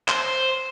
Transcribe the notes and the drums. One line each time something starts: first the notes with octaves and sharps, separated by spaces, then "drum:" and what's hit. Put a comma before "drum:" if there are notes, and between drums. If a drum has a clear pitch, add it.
C5, drum: clap